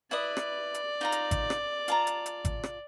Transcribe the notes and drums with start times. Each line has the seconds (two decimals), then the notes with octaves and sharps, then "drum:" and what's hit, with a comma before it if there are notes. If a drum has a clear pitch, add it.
0.11 E4 B4 D5 D#6
0.37 drum: rim click
0.74 drum: hi-hat
1.01 D#4 F4 A#5
1.12 drum: hi-hat
1.31 drum: kick, hi-hat
1.50 drum: rim click
1.88 F4 A5 A#5, drum: hi-hat
2.07 drum: hi-hat
2.26 drum: hi-hat
2.45 drum: kick, hi-hat
2.64 drum: rim click